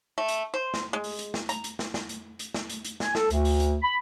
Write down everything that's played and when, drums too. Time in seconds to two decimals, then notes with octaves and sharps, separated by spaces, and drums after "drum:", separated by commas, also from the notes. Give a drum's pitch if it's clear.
0.18 A3
0.28 drum: hi-hat
0.54 C5
0.74 drum: snare
0.93 G#3
1.04 drum: open hi-hat
1.19 drum: hi-hat
1.34 drum: snare
1.49 A#5, drum: hi-hat
1.64 drum: hi-hat
1.79 drum: snare
1.94 drum: snare
2.09 drum: hi-hat
2.39 drum: hi-hat
2.54 drum: snare
2.70 drum: hi-hat
2.85 drum: hi-hat
3.00 G#5, drum: snare
3.15 A4, drum: snare
3.30 D2, drum: hi-hat
3.45 drum: open hi-hat
3.60 drum: hi-hat
3.82 B5